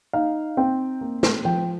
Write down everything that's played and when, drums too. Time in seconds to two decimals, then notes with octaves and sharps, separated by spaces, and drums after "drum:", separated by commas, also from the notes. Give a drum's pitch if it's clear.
0.13 D#4 F5
0.57 C4 G5
1.01 A#3
1.23 drum: snare
1.45 F3 G5